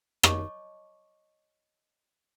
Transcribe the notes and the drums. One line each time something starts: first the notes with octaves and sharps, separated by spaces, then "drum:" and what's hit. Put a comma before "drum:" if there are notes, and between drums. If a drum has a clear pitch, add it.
C#5 D#5 A5 C#6 D6, drum: rim click